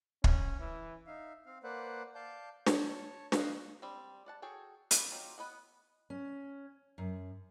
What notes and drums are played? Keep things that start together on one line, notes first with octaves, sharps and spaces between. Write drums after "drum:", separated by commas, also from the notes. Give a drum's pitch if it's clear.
C#4, drum: kick
E3
D#4 E5 F5
C4 F5
A#3 B4 C5 D5 F#5
D5 F5 A5 G6
C#5 A5, drum: snare
B4 D#5 F5 B5, drum: snare
G3 C4
D5 F#5 A5
F#4 G#4 A4 C#5 G5
F4 F#4 D5 B5, drum: hi-hat
F#3 C4 D#4 F4 G4
B3 B4 D#5 F#5
C#4
F#2